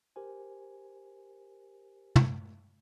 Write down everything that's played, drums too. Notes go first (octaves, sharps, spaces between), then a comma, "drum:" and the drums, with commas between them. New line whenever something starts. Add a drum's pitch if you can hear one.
G4 A#4 C5 G#5
drum: tom